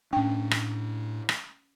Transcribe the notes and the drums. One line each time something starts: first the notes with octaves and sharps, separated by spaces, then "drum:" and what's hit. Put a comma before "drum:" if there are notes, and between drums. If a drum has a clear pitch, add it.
A2 C#4 D4 G5
drum: rim click
drum: rim click